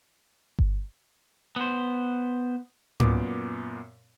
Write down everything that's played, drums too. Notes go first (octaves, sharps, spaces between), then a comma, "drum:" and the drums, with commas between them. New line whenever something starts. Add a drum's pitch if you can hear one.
drum: kick G1
B3 C5
F#2 A#2 B3 D6, drum: tom G#2